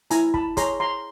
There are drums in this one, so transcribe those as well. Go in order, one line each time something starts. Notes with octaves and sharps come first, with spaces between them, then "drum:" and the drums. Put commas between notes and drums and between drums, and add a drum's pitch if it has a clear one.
E4 G#5 A#5, drum: hi-hat
A5 B5, drum: kick
G#4 C#5 A#5 C6, drum: kick, hi-hat
A#5 C6